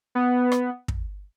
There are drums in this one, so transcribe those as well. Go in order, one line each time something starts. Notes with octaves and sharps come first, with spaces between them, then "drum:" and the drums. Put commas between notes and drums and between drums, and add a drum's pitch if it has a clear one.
B3
drum: rim click
drum: kick